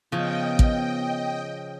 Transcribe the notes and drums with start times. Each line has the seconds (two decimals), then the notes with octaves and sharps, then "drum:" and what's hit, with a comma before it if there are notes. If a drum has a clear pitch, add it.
0.12 C#3 F3 B3 D#5 G5
0.59 drum: kick